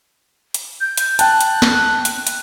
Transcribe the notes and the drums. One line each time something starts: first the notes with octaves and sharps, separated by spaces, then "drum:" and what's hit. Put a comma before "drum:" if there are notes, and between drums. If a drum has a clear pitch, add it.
drum: hi-hat
G6
drum: hi-hat
G5 A5 F#6, drum: hi-hat
drum: hi-hat
drum: snare
drum: hi-hat
drum: hi-hat